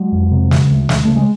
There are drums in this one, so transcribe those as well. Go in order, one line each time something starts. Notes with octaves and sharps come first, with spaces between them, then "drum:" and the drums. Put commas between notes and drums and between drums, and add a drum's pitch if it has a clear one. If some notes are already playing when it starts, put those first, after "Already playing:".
Already playing: F#3 G#3
F2
C3
C#3, drum: snare
D2
D2, drum: snare
C#3 A3
G#3